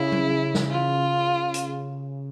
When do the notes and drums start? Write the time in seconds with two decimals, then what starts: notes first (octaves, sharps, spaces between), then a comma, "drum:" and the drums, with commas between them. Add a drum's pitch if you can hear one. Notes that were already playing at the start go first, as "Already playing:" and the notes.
Already playing: C#3 E4
0.12 drum: tom F#3
0.55 drum: snare
0.70 F4
1.54 drum: hi-hat